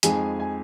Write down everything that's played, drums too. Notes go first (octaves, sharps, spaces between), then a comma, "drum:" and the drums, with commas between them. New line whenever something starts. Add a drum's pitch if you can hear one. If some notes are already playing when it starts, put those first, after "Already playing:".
F2 F3 G#3 D#4 G#4 G#5, drum: hi-hat
G#5